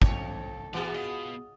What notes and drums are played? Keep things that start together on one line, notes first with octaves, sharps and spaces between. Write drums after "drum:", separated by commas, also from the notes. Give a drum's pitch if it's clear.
F2 A4 C#5, drum: kick
E3 B3 F#4 G#4 A#4 D5
B2 F4 D#5